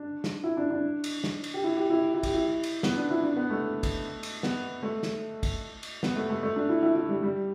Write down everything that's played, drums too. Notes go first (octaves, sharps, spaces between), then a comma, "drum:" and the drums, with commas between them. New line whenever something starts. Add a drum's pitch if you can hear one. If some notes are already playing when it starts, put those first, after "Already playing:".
Already playing: D4
drum: snare
E4
D4
D4
drum: cymbal
drum: snare
drum: cymbal
G4
E4
G4
E4
E4
G4, drum: kick, cymbal
E4
drum: cymbal
B3, drum: snare
D4
E4
D4
B3
A3
drum: kick, cymbal
drum: cymbal
B3, drum: snare
A3
drum: snare
drum: kick, cymbal
drum: cymbal
B3, drum: snare
A3
A3
A3
D4
E4
E4
E4
G3
G3